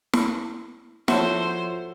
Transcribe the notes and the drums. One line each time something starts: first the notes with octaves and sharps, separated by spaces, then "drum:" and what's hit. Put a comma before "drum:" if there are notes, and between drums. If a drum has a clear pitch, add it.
drum: snare
F3 F#4 A4 C5 C#5 E5, drum: snare